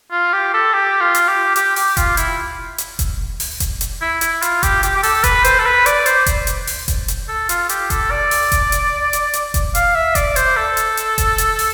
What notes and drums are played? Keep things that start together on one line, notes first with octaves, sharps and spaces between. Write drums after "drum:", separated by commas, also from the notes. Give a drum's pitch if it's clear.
F4
G4
A4
G4
F4
drum: hi-hat
G4
G4, drum: hi-hat
G4, drum: open hi-hat
F4, drum: kick F1, hi-hat
E4, drum: hi-hat
drum: hi-hat
drum: kick F1, hi-hat
drum: open hi-hat
drum: kick F1, hi-hat
drum: hi-hat
E4
E4, drum: hi-hat
F4, drum: hi-hat
G4, drum: kick F1, hi-hat
G4, drum: hi-hat
G4
A4, drum: open hi-hat
B4, drum: kick F1, hi-hat
C5, drum: hi-hat
A4
B4
D5, drum: hi-hat
C5, drum: hi-hat
drum: kick F1, hi-hat
drum: hi-hat
drum: open hi-hat
drum: kick F1, hi-hat
drum: hi-hat
A4
F4, drum: hi-hat
G4, drum: hi-hat
A4, drum: kick F1, hi-hat
D5
drum: open hi-hat
drum: kick F1, hi-hat
drum: hi-hat
drum: hi-hat
drum: hi-hat
drum: kick F1, hi-hat
F5, drum: hi-hat
E5
D5, drum: kick F1, hi-hat
C5, drum: hi-hat
A4
drum: hi-hat
drum: hi-hat
drum: kick F1, hi-hat
drum: hi-hat
drum: open hi-hat